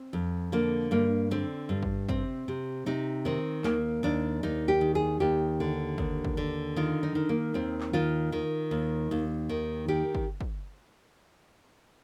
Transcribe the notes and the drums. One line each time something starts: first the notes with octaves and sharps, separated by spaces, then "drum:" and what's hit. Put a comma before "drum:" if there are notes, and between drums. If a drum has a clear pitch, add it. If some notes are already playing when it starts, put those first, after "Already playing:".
Already playing: C4
F2
D3 A#3
G2 A#3
D3 C4
G2
drum: kick
C3 C4, drum: kick
C3
C3 D#4
D#3 C4
D#2 A#3, drum: clap
D#2 D4
D#2 D#4
G4
D#3
G#4
D#2 G4
D3
D#2, drum: kick
drum: kick
D3
D#3 F4
D#4
D#3
A#3
D#2 C4
drum: clap
D#3 F4
D#3
D#2
D#2
D#3
D#3 G4
drum: kick
drum: kick